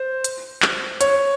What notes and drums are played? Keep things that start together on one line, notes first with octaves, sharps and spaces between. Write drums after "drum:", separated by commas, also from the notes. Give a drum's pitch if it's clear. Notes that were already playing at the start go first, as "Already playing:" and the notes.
Already playing: C5
drum: hi-hat
drum: clap
C#5, drum: hi-hat